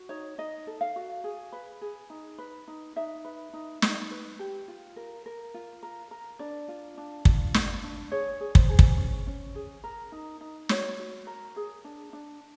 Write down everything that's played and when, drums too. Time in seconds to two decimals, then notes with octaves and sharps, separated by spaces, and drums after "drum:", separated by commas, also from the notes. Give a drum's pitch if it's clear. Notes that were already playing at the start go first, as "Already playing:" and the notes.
Already playing: F#4
0.09 D#4 C#5
0.38 D#4 D#5
0.67 A4
0.81 F5
0.96 F#4
1.24 G#4
1.53 B4
1.81 G#4
2.10 D#4
2.38 B4
2.68 D#4
2.96 D#4 E5
3.25 B4
3.53 D#4
3.82 D#4, drum: snare
4.11 B4
4.39 G4
4.68 F4
4.96 A#4
5.26 A#4
5.54 F4
5.83 A#4
6.11 A#4
6.39 D4 D5
6.68 F4
6.98 D4
7.25 F4, drum: kick
7.54 D4, drum: snare
7.84 D4
8.12 G#4 C#5
8.40 G#4
8.55 C5, drum: kick
8.69 G#4
8.79 drum: kick
8.98 C#4
9.27 C#4
9.55 G#4
9.84 A#4
10.12 D#4
10.41 D#4
10.69 F#4 C#5, drum: snare
10.99 F#4
11.27 A#4
11.56 G#4
11.85 D4
12.13 D4